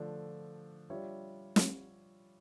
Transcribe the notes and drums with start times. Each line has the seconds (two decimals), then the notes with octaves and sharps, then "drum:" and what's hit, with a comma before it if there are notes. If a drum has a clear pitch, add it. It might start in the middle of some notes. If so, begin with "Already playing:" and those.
Already playing: D3 F3 A3 D4
0.90 G3 D4 F4 C#5 E5
1.56 drum: snare